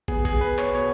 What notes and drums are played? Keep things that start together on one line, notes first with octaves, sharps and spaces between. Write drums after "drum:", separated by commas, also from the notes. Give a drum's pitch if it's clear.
B3 G#4, drum: kick
G#4, drum: kick, cymbal
B3 B4
C#5, drum: clap
B2 C#5